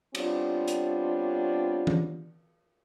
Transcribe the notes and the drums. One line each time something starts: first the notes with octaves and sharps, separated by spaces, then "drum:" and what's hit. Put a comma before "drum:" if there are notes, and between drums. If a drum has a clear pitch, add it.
G3 B3 C4 D4 F4 C#5, drum: cymbal
drum: hi-hat
drum: tom E3